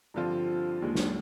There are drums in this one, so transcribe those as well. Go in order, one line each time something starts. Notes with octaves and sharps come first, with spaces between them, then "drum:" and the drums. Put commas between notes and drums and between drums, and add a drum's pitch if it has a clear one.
G2 D3 F3 C4 F4
D#2 D3 G#3
drum: snare